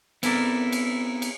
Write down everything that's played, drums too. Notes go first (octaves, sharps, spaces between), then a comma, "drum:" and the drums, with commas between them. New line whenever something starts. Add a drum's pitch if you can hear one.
B3 C4 E4 A4 A#4 D5, drum: cymbal
drum: cymbal
drum: cymbal